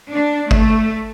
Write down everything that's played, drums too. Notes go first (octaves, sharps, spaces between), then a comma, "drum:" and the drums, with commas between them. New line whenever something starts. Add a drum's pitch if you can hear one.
D4
A3, drum: kick